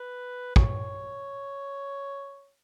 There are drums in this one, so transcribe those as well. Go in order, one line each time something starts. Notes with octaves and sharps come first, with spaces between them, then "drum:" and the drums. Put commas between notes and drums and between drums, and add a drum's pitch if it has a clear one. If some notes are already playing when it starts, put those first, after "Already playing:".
Already playing: B4
C#5, drum: kick